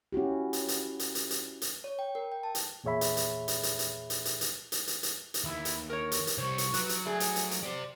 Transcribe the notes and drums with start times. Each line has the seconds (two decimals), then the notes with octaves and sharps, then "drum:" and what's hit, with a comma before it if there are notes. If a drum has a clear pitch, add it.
0.13 C#4 E4 F#4 G4
0.53 drum: hi-hat
0.68 drum: hi-hat
0.99 drum: hi-hat
1.15 drum: hi-hat
1.30 drum: hi-hat
1.62 drum: hi-hat
1.84 C#5
1.99 G5
2.15 A#4
2.32 G5
2.43 A5
2.55 drum: hi-hat
2.84 E2 A#2 G#4 C#5 E5 B5
3.01 drum: hi-hat
3.17 drum: hi-hat
3.48 drum: hi-hat
3.63 drum: hi-hat
3.79 drum: hi-hat
4.10 drum: hi-hat
4.25 drum: hi-hat
4.41 drum: hi-hat
4.72 drum: hi-hat
4.87 drum: hi-hat
5.03 drum: hi-hat
5.34 drum: hi-hat
5.44 D#2 E4
5.65 drum: hi-hat
5.90 A#4 C#5 C#6
6.12 drum: hi-hat
6.27 drum: hi-hat
6.38 C2 G3 C5 C#5 C#6
6.58 drum: hi-hat
6.74 F#3 B4, drum: hi-hat
6.89 drum: hi-hat
7.05 G3 A3 G#4 G#5
7.20 drum: hi-hat
7.36 drum: hi-hat
7.51 drum: hi-hat
7.63 G4 C5 D5